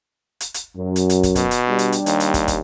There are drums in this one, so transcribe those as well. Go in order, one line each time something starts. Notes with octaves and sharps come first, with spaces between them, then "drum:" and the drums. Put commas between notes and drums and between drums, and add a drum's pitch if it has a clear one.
drum: hi-hat
drum: hi-hat
F#2
drum: hi-hat
drum: hi-hat
drum: kick, hi-hat
B2, drum: kick, hi-hat
drum: hi-hat
G3 D4
drum: hi-hat
drum: hi-hat
D#2, drum: hi-hat
drum: hi-hat
drum: kick, hi-hat
drum: kick, hi-hat